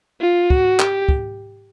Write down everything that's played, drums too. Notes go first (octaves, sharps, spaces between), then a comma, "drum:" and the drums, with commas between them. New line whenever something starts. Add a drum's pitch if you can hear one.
F4
F#4, drum: kick
G4, drum: clap
drum: kick